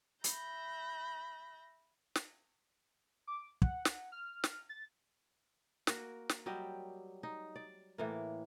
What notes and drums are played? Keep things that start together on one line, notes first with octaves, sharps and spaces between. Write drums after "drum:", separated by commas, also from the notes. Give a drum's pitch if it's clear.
E5 B5 G6 A#6, drum: hi-hat
drum: snare
D6
F#5, drum: kick
drum: snare
F6
drum: snare
A6
A#3 F#4 A#4, drum: snare
drum: snare
F#3 G3 G4 D#5
D#4
D5
A2 E3 A#3